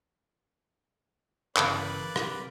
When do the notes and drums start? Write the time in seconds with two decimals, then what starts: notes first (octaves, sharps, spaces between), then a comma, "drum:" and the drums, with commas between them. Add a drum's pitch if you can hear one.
1.57 G1 C#3 E3 A#3 B4 D5, drum: clap
2.16 C3, drum: rim click